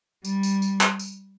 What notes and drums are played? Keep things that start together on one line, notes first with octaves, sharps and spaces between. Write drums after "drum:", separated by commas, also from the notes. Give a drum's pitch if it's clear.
G3, drum: tambourine
drum: tambourine
drum: tambourine
drum: clap
drum: tambourine